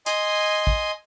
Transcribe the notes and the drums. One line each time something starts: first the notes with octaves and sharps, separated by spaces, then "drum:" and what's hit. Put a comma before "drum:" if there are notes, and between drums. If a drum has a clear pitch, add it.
D#5 G#5 C6, drum: hi-hat
drum: kick